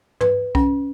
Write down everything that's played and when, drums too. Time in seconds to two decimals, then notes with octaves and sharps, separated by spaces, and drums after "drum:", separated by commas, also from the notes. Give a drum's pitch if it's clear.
0.21 B4, drum: tom
0.55 C#4, drum: kick B1